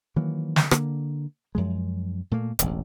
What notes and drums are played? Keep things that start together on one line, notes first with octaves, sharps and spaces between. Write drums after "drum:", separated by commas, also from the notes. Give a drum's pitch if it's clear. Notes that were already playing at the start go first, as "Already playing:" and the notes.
D#3 E3 F#3 A#3
drum: snare
D3 A#3, drum: rim click
F#2 F3 G#3
A#2 A3 A#3
E1 A1, drum: hi-hat